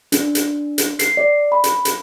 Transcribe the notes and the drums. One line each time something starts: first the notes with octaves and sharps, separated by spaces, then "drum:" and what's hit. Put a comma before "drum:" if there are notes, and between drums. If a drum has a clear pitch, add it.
D4, drum: hi-hat
drum: hi-hat
drum: hi-hat
C7, drum: hi-hat
D5
B5
drum: hi-hat
drum: hi-hat